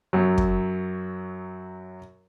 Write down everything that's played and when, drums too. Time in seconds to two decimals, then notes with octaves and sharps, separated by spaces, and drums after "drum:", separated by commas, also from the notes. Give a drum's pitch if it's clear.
0.13 F#2 F#3
0.38 drum: kick